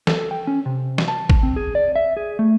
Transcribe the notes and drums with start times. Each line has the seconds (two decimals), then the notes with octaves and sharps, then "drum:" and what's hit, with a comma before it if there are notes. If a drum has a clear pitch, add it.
0.07 A4, drum: snare
0.31 G5
0.47 C#4
0.66 C3
0.98 drum: snare
1.08 A5
1.30 drum: kick G#1
1.43 C4
1.56 G#4
1.75 D5
1.96 E5
2.17 G#4
2.39 A3